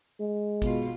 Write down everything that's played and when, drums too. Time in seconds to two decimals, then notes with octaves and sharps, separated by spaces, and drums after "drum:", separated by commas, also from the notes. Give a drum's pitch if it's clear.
0.20 G#3
0.62 B2 F4, drum: kick, hi-hat